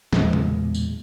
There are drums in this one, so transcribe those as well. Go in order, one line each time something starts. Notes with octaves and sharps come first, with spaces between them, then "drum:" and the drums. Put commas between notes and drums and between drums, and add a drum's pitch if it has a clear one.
B1 E2 A#2 G#3, drum: snare
drum: tom C#3
drum: tambourine